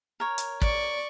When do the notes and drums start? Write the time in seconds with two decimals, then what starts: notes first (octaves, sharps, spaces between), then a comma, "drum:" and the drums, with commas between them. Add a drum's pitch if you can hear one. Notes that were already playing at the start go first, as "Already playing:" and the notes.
0.20 A#4 C#5
0.38 drum: hi-hat
0.62 D5 C#6, drum: kick